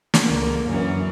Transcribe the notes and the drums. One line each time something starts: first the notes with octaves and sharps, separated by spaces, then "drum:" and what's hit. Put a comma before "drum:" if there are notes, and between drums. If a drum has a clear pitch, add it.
drum: snare
C#2 D3 A#3
F#2 E3 C#4 D4